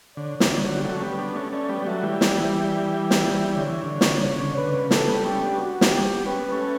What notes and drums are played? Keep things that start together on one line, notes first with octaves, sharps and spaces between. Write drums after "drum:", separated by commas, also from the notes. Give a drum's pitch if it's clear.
D3 C#5
E3, drum: snare
D3
D3 F#3
G3
F#3 A3
C#4
G3 B3
B3 D4
A3 C#4
A3 C#4 D5
G3 B3
G3
F#3 A3 E5
E3 G3
D5, drum: snare
drum: snare
D3 C#5
E3
D3
drum: snare
C#3 C#5
D3
C#3
D3 B4
C#3
A4, drum: snare
G3 B3
A3 C#4 G4
B3 D4
F#4
drum: snare
G4
C#4 B4
B3
A3 C#4